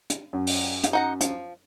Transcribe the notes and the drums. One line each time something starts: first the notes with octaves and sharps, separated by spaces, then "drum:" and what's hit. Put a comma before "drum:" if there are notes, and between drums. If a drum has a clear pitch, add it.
drum: hi-hat
F#2
drum: open hi-hat
drum: hi-hat
D#4 F#5 A#5
F3, drum: hi-hat